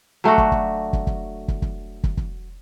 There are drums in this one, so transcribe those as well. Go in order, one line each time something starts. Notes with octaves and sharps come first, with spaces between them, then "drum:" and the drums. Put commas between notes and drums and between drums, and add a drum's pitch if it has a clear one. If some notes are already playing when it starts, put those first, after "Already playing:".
F#3 A3 D4 F#4
drum: kick
drum: kick
drum: kick
drum: kick
drum: kick
drum: kick
drum: kick
drum: kick